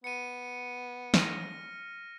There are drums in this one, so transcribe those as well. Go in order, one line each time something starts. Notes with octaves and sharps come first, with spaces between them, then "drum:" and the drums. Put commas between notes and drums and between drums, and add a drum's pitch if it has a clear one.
B3 C#7 D#7
F6 A#6, drum: snare